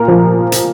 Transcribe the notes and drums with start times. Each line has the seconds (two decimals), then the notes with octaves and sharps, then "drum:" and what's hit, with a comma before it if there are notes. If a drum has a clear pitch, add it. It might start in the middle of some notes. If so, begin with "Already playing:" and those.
Already playing: A#2 A#4
0.08 F3
0.52 drum: hi-hat